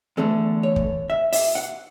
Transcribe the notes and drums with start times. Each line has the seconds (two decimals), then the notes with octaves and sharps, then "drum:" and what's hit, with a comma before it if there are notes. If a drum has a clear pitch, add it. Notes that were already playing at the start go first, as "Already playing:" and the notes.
0.17 E2 D3 A3 A4
0.63 C#5
0.76 drum: kick
1.10 E5
1.33 E5, drum: open hi-hat
1.55 F#5